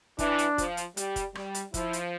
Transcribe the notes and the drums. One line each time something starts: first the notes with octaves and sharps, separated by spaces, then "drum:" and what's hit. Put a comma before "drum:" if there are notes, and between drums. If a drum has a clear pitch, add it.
E3 D4, drum: kick F1, hi-hat
drum: hi-hat
F3, drum: kick F1, hi-hat
drum: hi-hat
G3, drum: hi-hat
drum: kick F1, hi-hat
G3, drum: rim click
drum: hi-hat
F3 E4, drum: kick F1, hi-hat
drum: hi-hat